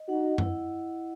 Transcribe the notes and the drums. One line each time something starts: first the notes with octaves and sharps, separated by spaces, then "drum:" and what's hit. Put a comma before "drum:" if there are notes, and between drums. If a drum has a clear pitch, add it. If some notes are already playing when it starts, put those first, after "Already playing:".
Already playing: D#5
D#4 F#4 F#5
E4, drum: tom F#2